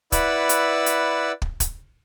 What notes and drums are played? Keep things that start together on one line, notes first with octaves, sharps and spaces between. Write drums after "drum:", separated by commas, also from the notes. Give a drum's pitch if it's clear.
E4 B4 D5 F#5 E6, drum: kick, hi-hat
drum: hi-hat
drum: hi-hat
drum: kick
drum: kick, hi-hat